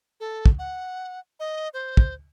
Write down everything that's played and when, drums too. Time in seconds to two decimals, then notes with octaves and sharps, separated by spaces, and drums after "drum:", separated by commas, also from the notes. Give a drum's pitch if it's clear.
0.20 A4
0.46 drum: kick
0.59 F#5
1.40 D#5
1.74 C5
1.97 drum: kick